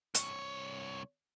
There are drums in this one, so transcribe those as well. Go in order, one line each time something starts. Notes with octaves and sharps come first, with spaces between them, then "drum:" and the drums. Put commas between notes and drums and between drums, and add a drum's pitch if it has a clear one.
C2 C#5, drum: hi-hat